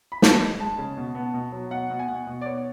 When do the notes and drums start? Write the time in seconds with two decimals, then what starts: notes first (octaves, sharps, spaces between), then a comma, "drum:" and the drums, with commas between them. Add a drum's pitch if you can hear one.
0.12 B5
0.22 G#3 A5, drum: snare
0.41 G#3
0.60 G#3 A5
0.78 C#3
0.97 B2
1.15 B3
1.34 B2
1.52 F#3
1.71 B2 F#5
1.90 B2
1.99 G#5
2.08 B2 F#5
2.27 B2
2.41 D5
2.46 B3 C#5